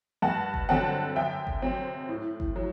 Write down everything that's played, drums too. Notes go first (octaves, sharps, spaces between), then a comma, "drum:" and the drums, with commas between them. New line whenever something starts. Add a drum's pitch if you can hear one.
G2 F#5 A5
drum: kick G1
D3 F#3 C4 F#5 A5
F#2 E5 G5
drum: kick G1
F#3 C4
A2
drum: kick G1
F#3